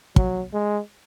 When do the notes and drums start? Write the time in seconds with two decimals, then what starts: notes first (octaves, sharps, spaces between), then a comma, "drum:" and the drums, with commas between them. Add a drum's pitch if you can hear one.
0.16 F#3, drum: kick
0.53 G#3